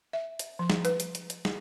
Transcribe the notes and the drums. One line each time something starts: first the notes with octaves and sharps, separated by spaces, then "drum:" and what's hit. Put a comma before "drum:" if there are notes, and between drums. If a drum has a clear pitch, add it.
E5
drum: hi-hat
F3
drum: snare
B4, drum: hi-hat
drum: hi-hat
drum: hi-hat
drum: hi-hat
drum: snare